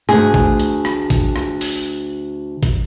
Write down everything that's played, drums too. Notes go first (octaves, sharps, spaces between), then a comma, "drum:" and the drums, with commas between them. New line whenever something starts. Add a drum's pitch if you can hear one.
D2 G#4, drum: rim click
drum: kick A1
drum: hi-hat
drum: rim click
drum: kick A1, hi-hat
drum: rim click
drum: open hi-hat
drum: kick A1, hi-hat